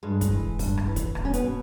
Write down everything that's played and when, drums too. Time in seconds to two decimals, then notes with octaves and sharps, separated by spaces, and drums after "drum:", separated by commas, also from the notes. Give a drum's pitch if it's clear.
0.03 G2 G#3
0.21 drum: kick, hi-hat
0.31 E3
0.59 G2, drum: kick, open hi-hat
0.77 drum: rim click
0.87 E3
0.96 drum: kick, hi-hat
1.15 E2, drum: rim click
1.25 C#4
1.33 B3, drum: hi-hat
1.43 B2